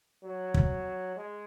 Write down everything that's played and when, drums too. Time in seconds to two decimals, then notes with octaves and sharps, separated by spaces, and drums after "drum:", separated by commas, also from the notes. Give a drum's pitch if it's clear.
0.24 F#3
0.54 drum: kick
1.17 G#3